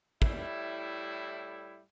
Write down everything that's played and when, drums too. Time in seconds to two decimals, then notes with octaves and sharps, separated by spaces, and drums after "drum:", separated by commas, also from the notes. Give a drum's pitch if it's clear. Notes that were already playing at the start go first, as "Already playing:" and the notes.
0.22 A2 G3 E4, drum: kick